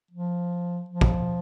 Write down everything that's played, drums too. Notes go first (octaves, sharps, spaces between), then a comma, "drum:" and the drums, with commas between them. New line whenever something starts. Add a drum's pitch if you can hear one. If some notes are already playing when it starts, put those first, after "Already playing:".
F3
F3
drum: kick